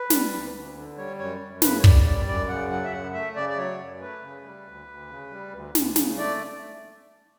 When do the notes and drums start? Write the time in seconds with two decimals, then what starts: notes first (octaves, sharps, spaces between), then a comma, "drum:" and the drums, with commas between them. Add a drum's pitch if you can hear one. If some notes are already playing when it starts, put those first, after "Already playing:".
Already playing: B4
0.10 G3, drum: snare
0.32 D2
0.54 D2
0.76 D3
0.97 G3 C#5
1.18 F#2 C#5
1.41 F#2
1.62 C#3 B4, drum: snare
1.79 C#5
1.84 G3 D5, drum: kick
2.06 F#2 D5
2.27 F#2 D5
2.49 C#3 F#5
2.70 F#3 F#5
2.84 E5
2.92 F#2 F#5
3.14 A3 E5
3.36 C#3 D5
3.49 D5
3.57 F#3 C#5
3.79 F#2
4.00 A3 B4
4.23 C#3
4.44 G3
4.66 D2
4.88 D2
5.09 C#3
5.31 G3
5.53 D2
5.75 D2, drum: snare
5.96 C#3, drum: snare
6.17 A3 D5